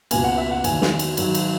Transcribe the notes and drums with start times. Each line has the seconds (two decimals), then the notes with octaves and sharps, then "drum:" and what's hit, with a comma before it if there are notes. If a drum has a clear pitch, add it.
0.11 C#2 B2 A#3 G#5, drum: cymbal
0.24 F#5
0.37 E5
0.51 F#5
0.64 E2 D#3 A#3 G#5, drum: cymbal
0.82 drum: snare
0.99 drum: cymbal
1.17 G#2 D#3 F#3, drum: cymbal
1.35 drum: cymbal